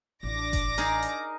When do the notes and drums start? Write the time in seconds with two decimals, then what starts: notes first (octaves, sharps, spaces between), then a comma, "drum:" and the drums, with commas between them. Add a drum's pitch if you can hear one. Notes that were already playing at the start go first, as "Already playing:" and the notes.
0.23 A1 D4 E4 D6 A#6
0.53 drum: kick F#1, hi-hat
0.78 D#4 G#4 A#4, drum: snare
1.02 drum: hi-hat